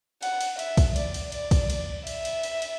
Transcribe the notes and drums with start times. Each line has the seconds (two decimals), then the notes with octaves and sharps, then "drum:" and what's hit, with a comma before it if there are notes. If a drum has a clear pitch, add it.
0.23 F#5, drum: cymbal
0.41 drum: cymbal
0.59 E5, drum: cymbal
0.77 drum: kick, cymbal
0.96 D5, drum: cymbal
1.14 drum: cymbal
1.32 D5, drum: cymbal
1.51 drum: kick, cymbal
1.70 drum: cymbal
2.07 E5, drum: cymbal
2.25 drum: cymbal
2.43 drum: cymbal
2.62 drum: cymbal